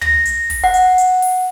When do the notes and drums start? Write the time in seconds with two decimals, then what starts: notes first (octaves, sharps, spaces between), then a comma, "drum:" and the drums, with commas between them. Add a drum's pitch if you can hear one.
0.02 A#6, drum: tom
0.26 drum: hi-hat
0.50 drum: kick, open hi-hat
0.64 F#5
0.74 drum: hi-hat
0.98 drum: hi-hat
1.22 drum: open hi-hat